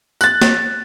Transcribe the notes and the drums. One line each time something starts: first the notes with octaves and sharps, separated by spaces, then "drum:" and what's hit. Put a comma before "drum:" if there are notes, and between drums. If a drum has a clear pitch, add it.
F#6 A6, drum: tambourine
drum: snare